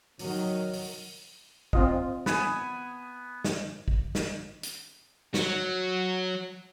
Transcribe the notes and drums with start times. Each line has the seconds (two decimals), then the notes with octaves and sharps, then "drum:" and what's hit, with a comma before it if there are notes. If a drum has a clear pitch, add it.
0.19 D#3 F#3, drum: open hi-hat
0.73 drum: open hi-hat
1.73 C4 F4 D#5, drum: kick
2.26 B3 G#5, drum: snare
3.44 drum: snare
3.88 drum: kick
4.15 drum: snare
4.63 drum: hi-hat
5.34 F#3, drum: snare